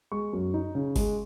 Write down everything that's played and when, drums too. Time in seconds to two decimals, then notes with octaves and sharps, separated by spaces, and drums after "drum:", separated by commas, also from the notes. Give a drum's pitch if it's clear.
0.12 G#3 C#6
0.33 F#2
0.54 D#4
0.75 C#3
0.96 G#3, drum: kick G1, open hi-hat